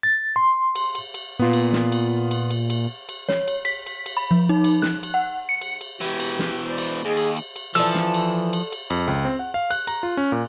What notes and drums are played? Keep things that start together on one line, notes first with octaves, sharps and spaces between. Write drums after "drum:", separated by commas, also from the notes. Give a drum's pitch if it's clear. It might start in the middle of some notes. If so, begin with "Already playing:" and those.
A6
C6
drum: cymbal
drum: cymbal
drum: cymbal
A#2 B3 F4
drum: cymbal
drum: snare
drum: cymbal
drum: cymbal
drum: cymbal
drum: cymbal
drum: cymbal
C#5, drum: snare
drum: cymbal
B6, drum: cymbal
drum: cymbal
drum: cymbal
B5
F3
D#4
drum: cymbal
F#6, drum: snare
drum: cymbal
F#5
C#7
drum: cymbal
drum: cymbal
B2 E3 G4, drum: cymbal
drum: cymbal
drum: snare
C5 D5
drum: cymbal
D#2 G#4 D#5
drum: cymbal
drum: cymbal
drum: cymbal
E3 F3 A4 D5 E6, drum: cymbal
drum: snare
drum: cymbal
drum: cymbal
drum: cymbal
F2, drum: cymbal
C#2
C4
F#5
F5
F#6, drum: cymbal
A#5, drum: cymbal
F4
C#4
A#2